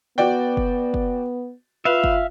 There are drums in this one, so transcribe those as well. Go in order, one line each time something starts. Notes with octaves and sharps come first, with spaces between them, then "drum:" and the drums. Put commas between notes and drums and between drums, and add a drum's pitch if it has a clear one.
B3 F#4 D5 G5
drum: kick F#1
drum: kick F#1
F4 B4 E5 F5
drum: kick F#1